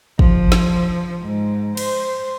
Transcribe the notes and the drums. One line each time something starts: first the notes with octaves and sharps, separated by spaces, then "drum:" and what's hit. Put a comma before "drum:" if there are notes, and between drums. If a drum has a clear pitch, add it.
F3, drum: kick
drum: snare
G#2
C5, drum: cymbal